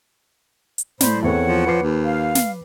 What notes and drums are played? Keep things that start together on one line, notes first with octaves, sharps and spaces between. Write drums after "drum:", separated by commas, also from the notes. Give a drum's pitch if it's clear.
drum: hi-hat
A2 C5 D5 B5, drum: snare
E2 C4 A4 C#5 F#5
F3
F3 B4 D6 C7
D#2
F5
drum: snare